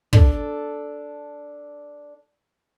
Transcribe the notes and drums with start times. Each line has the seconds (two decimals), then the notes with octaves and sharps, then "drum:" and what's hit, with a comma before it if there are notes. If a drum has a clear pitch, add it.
0.13 D4 A4, drum: kick